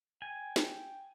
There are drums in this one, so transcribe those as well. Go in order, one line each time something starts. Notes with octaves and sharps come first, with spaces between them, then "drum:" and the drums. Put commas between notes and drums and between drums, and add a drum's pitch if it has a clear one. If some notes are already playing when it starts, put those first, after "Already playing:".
G5 G#5
drum: snare